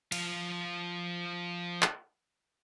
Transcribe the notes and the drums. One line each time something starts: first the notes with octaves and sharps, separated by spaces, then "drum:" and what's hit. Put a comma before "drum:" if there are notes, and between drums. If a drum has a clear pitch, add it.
F3 F5, drum: cymbal
drum: clap